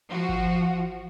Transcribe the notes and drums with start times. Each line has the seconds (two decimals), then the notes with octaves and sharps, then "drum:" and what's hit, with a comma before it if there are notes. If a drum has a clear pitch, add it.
0.10 F3 F#4
0.29 drum: kick G#1